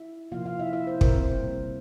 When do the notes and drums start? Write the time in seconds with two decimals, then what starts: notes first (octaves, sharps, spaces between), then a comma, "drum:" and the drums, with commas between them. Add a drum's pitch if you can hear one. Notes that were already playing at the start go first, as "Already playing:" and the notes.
Already playing: E4 E5
0.32 C3 F3 A#3 F4 F5
0.46 F4 F5
0.59 E4 E5
0.73 E4 E5
0.87 C5
1.01 A#4, drum: kick
1.15 C4 C5
1.42 C3 G3 A#3